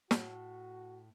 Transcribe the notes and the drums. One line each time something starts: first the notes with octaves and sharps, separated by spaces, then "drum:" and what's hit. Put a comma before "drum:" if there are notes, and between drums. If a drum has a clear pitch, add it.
A2 F#4 A4, drum: snare